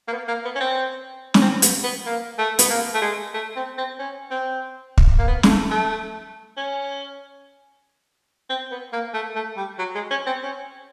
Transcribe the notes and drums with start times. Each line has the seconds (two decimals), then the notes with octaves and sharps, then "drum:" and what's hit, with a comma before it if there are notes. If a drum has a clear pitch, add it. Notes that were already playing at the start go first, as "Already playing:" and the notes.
0.08 A#3
0.12 B3
0.28 A#3
0.45 B3
0.55 C#4
0.60 C4
1.34 C#4, drum: snare
1.42 C4
1.62 B3, drum: hi-hat
1.84 B3
2.06 A#3
2.38 A3
2.59 B3, drum: hi-hat
2.70 A#3
2.94 A3
3.02 G#3
3.34 A3
3.56 C4
3.78 C4
3.99 C#4
4.31 C4
4.98 drum: kick
5.19 A#3
5.28 B3
5.43 G#3, drum: snare
5.49 A3
5.71 A3
6.57 C#4
8.50 C4
8.71 B3
8.93 A#3
9.14 A3
9.35 A3
9.57 G3
9.79 F#3
9.95 G#3
10.11 C#4
10.26 C4
10.43 C#4